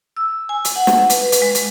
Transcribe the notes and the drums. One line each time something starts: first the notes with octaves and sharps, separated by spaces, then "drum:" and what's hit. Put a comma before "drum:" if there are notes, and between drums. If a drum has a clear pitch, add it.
E6
G#5
drum: hi-hat
F#5
drum: snare
B4, drum: hi-hat
drum: hi-hat
G#3
drum: hi-hat